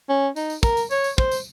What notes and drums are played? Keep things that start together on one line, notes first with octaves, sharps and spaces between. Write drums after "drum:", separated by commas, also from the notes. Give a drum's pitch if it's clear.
C#4
D#4, drum: tambourine
drum: tambourine
A#4, drum: kick, tambourine
drum: tambourine
C#5, drum: tambourine
drum: tambourine
C5, drum: kick
drum: tambourine